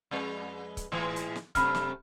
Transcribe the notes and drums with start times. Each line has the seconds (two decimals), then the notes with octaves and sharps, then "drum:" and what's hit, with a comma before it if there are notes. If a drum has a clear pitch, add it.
0.11 F2 G#3 B4
0.77 drum: kick C#1, hi-hat
0.92 A2 E3 G#3
1.16 drum: hi-hat
1.36 drum: snare
1.55 F#2 C3 A3 B5 F6, drum: kick C#1, hi-hat
1.75 drum: snare